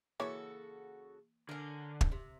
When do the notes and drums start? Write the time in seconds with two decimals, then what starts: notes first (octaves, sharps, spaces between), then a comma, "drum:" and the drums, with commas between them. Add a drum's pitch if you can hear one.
0.20 C#3 E3 A#3 F#4 A4 C#5
1.49 D3 C#4 A#4
2.01 drum: kick
2.12 C3